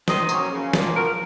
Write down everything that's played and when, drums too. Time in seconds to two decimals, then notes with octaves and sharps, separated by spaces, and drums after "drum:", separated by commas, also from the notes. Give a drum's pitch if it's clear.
0.08 D#3 C5 D#5, drum: snare
0.29 F#3 A#3 C#4, drum: tambourine
0.51 C#3
0.73 F3 A#3, drum: snare
0.95 F3 F#4 A#4